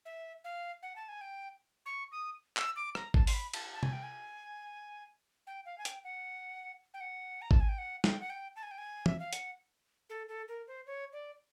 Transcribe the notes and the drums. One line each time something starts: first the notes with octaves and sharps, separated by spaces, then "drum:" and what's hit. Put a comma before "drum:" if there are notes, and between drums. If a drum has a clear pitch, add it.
E5
F5
F#5
A5
G#5
G5
C#6
D#6
E6, drum: clap
D6
A#5, drum: rim click
A5, drum: kick G#1
C6, drum: open hi-hat
B5
A5, drum: cymbal
A5
G#5, drum: tom
G5
G#5
G5
F5
G#5
G5, drum: hi-hat
F#5
G5
F#5
A#5
A5, drum: kick G#1
G#5
G5
F#5
G5, drum: snare
F#5
G5
A5
G#5
G5
G#5
E5, drum: tom
F5
F#5, drum: hi-hat
A4
A4
A#4
C5
C#5
D5